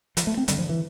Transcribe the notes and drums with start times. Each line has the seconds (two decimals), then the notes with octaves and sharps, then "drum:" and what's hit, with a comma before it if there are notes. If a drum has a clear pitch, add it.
0.17 F3, drum: hi-hat
0.27 A3
0.37 C4
0.48 G2 D3 G3, drum: hi-hat
0.59 F3
0.69 E3